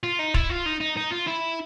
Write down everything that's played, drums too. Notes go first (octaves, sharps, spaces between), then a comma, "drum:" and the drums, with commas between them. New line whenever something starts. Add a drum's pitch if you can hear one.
F4
D#4
E4, drum: kick
F4
D#4
D#4
D#4
F4
E4